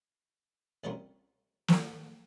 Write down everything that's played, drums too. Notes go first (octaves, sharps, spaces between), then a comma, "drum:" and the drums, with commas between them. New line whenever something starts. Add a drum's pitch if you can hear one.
C2 G3 C#4 F4 A#4
drum: snare